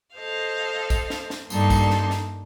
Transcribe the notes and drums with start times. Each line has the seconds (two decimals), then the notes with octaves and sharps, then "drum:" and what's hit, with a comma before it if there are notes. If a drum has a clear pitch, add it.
0.16 A4 C5 D#5 F5
0.90 drum: kick, tambourine
1.10 drum: snare
1.30 drum: snare
1.50 G2 G3 A#3 D#4 A4 C6, drum: tambourine
1.70 drum: kick, tambourine
1.90 drum: snare
2.10 drum: snare